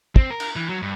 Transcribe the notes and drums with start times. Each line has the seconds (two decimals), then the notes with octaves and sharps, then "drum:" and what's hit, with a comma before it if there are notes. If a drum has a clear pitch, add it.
0.16 C4, drum: kick
0.30 A#4
0.40 drum: cymbal
0.56 E3
0.69 F#3
0.82 G2